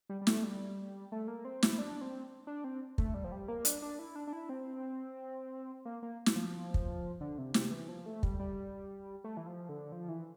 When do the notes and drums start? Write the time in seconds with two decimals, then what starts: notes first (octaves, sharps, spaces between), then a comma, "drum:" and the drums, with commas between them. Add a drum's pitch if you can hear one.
0.09 G3
0.21 G3
0.27 A3, drum: snare
0.43 G3
1.12 A3
1.28 A#3
1.45 C4
1.63 E4, drum: snare
1.79 D4
2.01 C4
2.47 D4
2.64 C4
2.98 A3, drum: kick
3.14 G3
3.24 F3
3.32 G3
3.48 A#3
3.65 D4, drum: hi-hat
3.82 D4
3.99 E4
4.16 D4
4.27 D4
4.33 E4
4.49 C4
5.85 A#3
6.03 A#3
6.26 drum: snare
6.36 F3
6.74 drum: kick
7.21 D3
7.38 C3
7.54 C3, drum: snare
7.71 E3
7.88 F3
8.06 A3
8.23 G3, drum: kick
8.39 G3
9.24 A3
9.37 E3
9.47 F3
9.69 D3
9.92 F3
10.09 E3